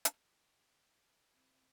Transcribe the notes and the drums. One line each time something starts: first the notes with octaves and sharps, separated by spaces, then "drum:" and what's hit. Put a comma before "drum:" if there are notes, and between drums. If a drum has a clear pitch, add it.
drum: hi-hat
G5 D6
C3 C4 E4